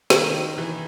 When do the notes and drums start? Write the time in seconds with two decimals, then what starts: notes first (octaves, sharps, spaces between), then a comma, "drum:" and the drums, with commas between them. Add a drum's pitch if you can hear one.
0.10 D#3, drum: snare
0.58 E3